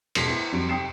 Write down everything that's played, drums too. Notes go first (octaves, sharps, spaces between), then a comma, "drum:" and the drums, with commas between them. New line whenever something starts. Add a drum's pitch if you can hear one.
E1 A1 G#4 A5, drum: cymbal
B3 E4
F2 F#3 G3 C4 D7
C3 D#4 G5 D#6 C7 E7